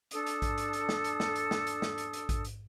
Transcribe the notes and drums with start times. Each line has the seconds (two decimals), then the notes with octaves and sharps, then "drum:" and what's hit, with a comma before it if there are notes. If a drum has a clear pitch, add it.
0.11 D4 A4 D#6, drum: hi-hat
0.26 drum: hi-hat
0.42 drum: kick A1, hi-hat
0.58 drum: hi-hat
0.73 drum: hi-hat
0.89 drum: snare
1.04 drum: hi-hat
1.20 drum: snare
1.36 drum: hi-hat
1.51 drum: snare
1.67 drum: hi-hat
1.82 drum: snare
1.98 drum: hi-hat
2.13 drum: hi-hat
2.29 drum: kick A1, hi-hat
2.45 drum: hi-hat